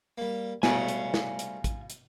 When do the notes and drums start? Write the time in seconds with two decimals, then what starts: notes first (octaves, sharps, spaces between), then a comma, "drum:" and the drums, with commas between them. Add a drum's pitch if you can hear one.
0.18 G3 A#3
0.63 G#2 B2 G3 A3 F5 G#5, drum: snare
0.88 drum: hi-hat
1.14 drum: snare
1.39 drum: hi-hat
1.64 drum: kick, hi-hat
1.90 drum: hi-hat